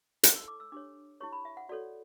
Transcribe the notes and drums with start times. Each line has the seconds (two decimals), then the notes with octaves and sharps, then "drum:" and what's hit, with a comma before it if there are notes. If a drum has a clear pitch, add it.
0.23 E4 A4 C#5 A5, drum: hi-hat
0.35 E6
0.48 D6
0.60 E6
0.72 D4 G4 C#5 D6
1.21 E4 G4 C#5 C#6
1.32 B5
1.45 E5
1.57 F#5
1.69 F#4 A4 C#5 D5